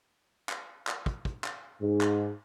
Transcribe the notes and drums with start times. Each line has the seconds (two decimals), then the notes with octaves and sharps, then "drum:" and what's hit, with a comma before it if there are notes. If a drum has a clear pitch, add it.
0.49 drum: clap
0.87 drum: clap
1.06 drum: kick
1.25 drum: kick
1.44 drum: clap
1.82 G#2
2.01 drum: clap